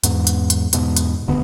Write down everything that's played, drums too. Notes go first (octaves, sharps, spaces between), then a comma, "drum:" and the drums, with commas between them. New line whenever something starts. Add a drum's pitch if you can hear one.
E2 G#2, drum: hi-hat
drum: hi-hat
drum: hi-hat
E2 G#2 B2, drum: hi-hat
drum: hi-hat
E1 D2 D3 B3